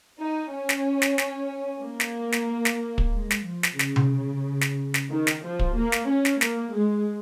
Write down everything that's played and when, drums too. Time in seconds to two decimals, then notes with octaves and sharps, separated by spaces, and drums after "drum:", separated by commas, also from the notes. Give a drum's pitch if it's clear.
0.20 D#4
0.53 C#4
0.69 drum: snare
1.02 drum: snare
1.18 drum: snare
1.83 A#3
2.00 drum: snare
2.32 drum: snare
2.65 drum: snare
2.98 drum: kick
3.14 G#3
3.30 drum: snare
3.47 F3
3.63 drum: snare
3.79 C#3, drum: snare
3.96 drum: tom C3
4.61 drum: snare
4.94 drum: snare
5.10 D#3
5.27 drum: snare
5.43 F3
5.59 drum: kick
5.76 A#3
5.92 drum: snare
6.08 C#4
6.25 drum: snare
6.41 A#3, drum: snare
6.74 G#3